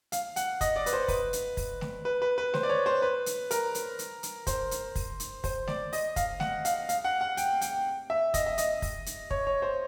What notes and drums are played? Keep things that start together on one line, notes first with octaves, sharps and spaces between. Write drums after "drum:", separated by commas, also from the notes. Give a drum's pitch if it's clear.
F5, drum: hi-hat
F#5, drum: hi-hat
D#5, drum: kick, hi-hat
D5
B4, drum: hi-hat
C5
B4, drum: kick, open hi-hat
drum: hi-hat
drum: kick, open hi-hat
drum: snare
B4
B4
B4
C5, drum: snare
D5
C#5
C5
B4
drum: hi-hat
A#4, drum: hi-hat
drum: hi-hat
drum: hi-hat
drum: hi-hat
C5, drum: kick, hi-hat
drum: hi-hat
drum: kick, open hi-hat
drum: hi-hat
C5, drum: kick, open hi-hat
D5, drum: snare
D#5, drum: open hi-hat
F5, drum: kick, hi-hat
F#5, drum: snare
F5, drum: hi-hat
F5, drum: hi-hat
F#5
F#5
G5, drum: hi-hat
G5, drum: hi-hat
E5
D#5, drum: kick, hi-hat
E5
D#5, drum: hi-hat
drum: kick, open hi-hat
drum: hi-hat
C#5, drum: kick
C#5
C5